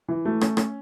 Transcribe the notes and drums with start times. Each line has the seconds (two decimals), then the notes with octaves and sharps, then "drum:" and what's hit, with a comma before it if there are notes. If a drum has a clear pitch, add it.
0.08 E3
0.25 A3
0.41 C#4, drum: rim click
0.57 C#4, drum: rim click